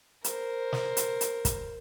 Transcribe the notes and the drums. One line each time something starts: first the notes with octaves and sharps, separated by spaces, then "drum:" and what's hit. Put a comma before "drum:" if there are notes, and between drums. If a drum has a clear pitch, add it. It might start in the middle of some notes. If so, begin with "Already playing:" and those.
A#4 C5, drum: hi-hat
drum: snare
drum: hi-hat
drum: hi-hat
drum: kick, hi-hat